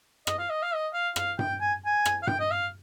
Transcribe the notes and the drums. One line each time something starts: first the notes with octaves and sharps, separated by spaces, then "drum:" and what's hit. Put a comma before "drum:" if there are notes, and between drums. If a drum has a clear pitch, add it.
D#5, drum: rim click
F5
D#5
F5
D#5
F5
F5, drum: rim click
G5, drum: tom G2
G#5
G#5
drum: rim click
F5
G5, drum: tom G2
D#5
F5